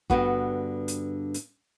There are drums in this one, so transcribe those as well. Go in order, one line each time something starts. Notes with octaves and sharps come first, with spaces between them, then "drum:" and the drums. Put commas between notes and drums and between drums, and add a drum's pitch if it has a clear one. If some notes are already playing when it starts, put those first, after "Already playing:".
G2 D3 B3 F#4, drum: kick
drum: hi-hat
drum: hi-hat